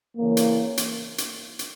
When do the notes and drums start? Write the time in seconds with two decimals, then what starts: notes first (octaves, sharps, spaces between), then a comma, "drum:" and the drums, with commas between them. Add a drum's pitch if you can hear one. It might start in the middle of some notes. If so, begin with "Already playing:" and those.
0.16 E2 C#3 E3 A#3
0.37 drum: hi-hat
0.77 drum: hi-hat
1.18 drum: hi-hat
1.59 drum: hi-hat